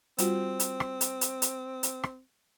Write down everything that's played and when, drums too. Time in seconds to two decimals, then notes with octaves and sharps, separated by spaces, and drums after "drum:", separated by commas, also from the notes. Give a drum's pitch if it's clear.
0.18 G3 C4 F4 F#4, drum: hi-hat
0.60 drum: hi-hat
0.80 drum: rim click
1.01 drum: hi-hat
1.21 drum: hi-hat
1.42 drum: hi-hat
1.83 drum: hi-hat
2.03 drum: rim click